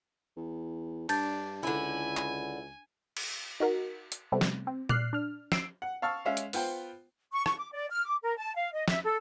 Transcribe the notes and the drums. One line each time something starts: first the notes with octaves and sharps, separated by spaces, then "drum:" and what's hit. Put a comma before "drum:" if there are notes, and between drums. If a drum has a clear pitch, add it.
E2
G2 D4 A5 G6 A6, drum: cymbal
C#2 D3 E4 G#5
drum: clap
drum: cymbal
D#4 F#4 A#4
drum: hi-hat
C3 G3 A3 B3 C4
drum: snare
C4
D5 F6 F#6 C7, drum: tom A#2
D4 F6
E6 C7 D7, drum: snare
F#5
F5 A5 C#6 E6 F6
G#3 C#4 E5 F5
drum: hi-hat
B3 F4 C5 G5, drum: open hi-hat
C#6
C#6, drum: rim click
D6
D5
F6
D6
A#4
A5
F5
D#5
E5, drum: snare
A4